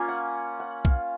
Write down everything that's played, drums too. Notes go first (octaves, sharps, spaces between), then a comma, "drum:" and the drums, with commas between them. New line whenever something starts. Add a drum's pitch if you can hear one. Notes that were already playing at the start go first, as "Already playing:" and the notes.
Already playing: A#3 C#4 F4 G#5
F#5
F#5
F5, drum: kick B1